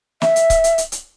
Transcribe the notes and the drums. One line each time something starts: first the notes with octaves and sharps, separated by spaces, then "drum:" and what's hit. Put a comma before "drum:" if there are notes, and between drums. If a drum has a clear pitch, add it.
E5, drum: snare
drum: hi-hat
drum: kick C#1, hi-hat
drum: hi-hat
drum: hi-hat
drum: hi-hat